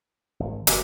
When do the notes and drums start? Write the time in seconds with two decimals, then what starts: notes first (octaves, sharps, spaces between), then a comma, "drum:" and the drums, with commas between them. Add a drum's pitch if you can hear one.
0.40 G#1
0.67 F1 F#2 F#4 G4 A#4, drum: hi-hat